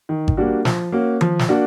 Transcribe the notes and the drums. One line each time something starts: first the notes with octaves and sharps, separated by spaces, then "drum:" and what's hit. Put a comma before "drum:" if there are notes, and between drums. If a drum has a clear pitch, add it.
D#3
drum: kick G#1
G3 A#3 D4 F#4
F3, drum: snare
A#3 C#4 F#4
F3, drum: tom D#3
drum: snare
A#3 D4 F#4